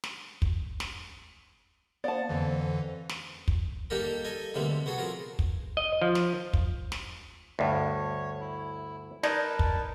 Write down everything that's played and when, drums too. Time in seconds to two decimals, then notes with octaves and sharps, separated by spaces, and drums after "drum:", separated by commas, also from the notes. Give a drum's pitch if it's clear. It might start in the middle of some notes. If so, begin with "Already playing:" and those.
0.04 drum: snare
0.42 drum: kick
0.80 drum: snare
2.04 A#3 B3 C5 D5 F5 A5
2.29 F2 D3 E3
3.09 drum: snare
3.48 drum: kick
3.90 D#3 G3 A#3 G4 A4 A#4
4.25 A4 D#5 G#5
4.54 D2 C3 E3 G3 G#3 A#3
4.70 C3
4.86 B3 F#4 G#4 A4
4.98 F3 G#4 A#4
5.39 drum: kick
5.77 D#5
6.02 F3
6.15 drum: snare
6.53 drum: kick
6.92 drum: snare
7.59 D2 G2 C#5
8.41 E4
9.23 D#4 A#4 B4 D5 A5, drum: snare
9.59 drum: kick